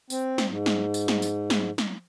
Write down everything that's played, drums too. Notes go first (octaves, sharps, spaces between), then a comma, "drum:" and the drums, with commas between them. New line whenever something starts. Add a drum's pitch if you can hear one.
C4, drum: tambourine
drum: snare
G#2
drum: snare
drum: tambourine
drum: snare
drum: tambourine
drum: snare
drum: snare